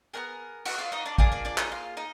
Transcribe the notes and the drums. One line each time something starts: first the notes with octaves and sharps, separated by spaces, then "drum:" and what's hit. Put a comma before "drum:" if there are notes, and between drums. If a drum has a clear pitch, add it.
B3 D4 G#4 A#4 A#5
F#4 F#5, drum: cymbal
F4 F5
D#4 D#5
D4 D5
A#3 D4 F4 G#4 D5, drum: kick A1
D4 D5
D4 D5
D#4 D#5, drum: clap
F4 F5
D#4 D#5